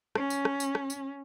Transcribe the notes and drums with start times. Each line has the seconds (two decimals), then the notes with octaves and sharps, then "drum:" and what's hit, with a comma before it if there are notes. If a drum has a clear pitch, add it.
0.15 C#4, drum: rim click
0.30 drum: tambourine
0.45 drum: rim click
0.60 drum: tambourine
0.75 drum: rim click
0.90 drum: tambourine